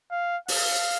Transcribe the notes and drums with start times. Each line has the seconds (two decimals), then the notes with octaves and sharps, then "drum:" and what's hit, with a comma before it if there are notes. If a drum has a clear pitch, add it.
0.11 F5
0.48 F5, drum: open hi-hat